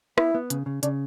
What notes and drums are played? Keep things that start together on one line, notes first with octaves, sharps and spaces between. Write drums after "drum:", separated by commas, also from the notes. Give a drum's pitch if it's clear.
B3 E4, drum: rim click
B3
C#3, drum: hi-hat
C#3
C#3 D4, drum: hi-hat